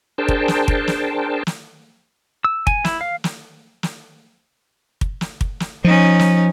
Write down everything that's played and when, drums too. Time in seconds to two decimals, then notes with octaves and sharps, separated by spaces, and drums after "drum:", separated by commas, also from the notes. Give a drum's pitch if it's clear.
0.18 D4 G#4 A#4 C5 G5 A5
0.28 drum: kick
0.48 drum: snare
0.68 drum: kick
0.88 drum: snare
1.47 drum: snare
2.44 E6
2.67 G#5, drum: kick
2.85 E4, drum: snare
3.01 F5
3.24 drum: snare
3.83 drum: snare
5.01 drum: kick
5.21 drum: snare
5.41 drum: kick
5.60 drum: snare
5.84 F3 C#4 D#4
6.19 drum: snare